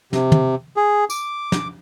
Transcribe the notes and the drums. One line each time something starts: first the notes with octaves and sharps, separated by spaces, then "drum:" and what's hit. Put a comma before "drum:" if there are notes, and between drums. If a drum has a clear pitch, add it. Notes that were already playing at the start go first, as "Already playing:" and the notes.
C3, drum: snare
drum: tom
G#4
D6, drum: tambourine
drum: snare